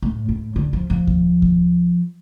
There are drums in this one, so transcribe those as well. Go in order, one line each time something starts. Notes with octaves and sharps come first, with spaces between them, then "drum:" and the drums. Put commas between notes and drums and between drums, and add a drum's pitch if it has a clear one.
A2
A2
D3
F3
F3
drum: kick D2
drum: kick D2